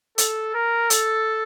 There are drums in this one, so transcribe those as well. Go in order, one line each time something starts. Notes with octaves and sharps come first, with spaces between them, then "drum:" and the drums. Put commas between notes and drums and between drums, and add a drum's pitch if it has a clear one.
A4, drum: hi-hat
A#4
A4, drum: hi-hat